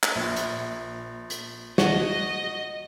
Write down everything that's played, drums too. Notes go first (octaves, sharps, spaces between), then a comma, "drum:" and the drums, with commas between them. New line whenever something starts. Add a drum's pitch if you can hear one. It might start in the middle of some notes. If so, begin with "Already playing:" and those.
drum: clap
A#1
drum: hi-hat
drum: hi-hat
F#4 D#5, drum: snare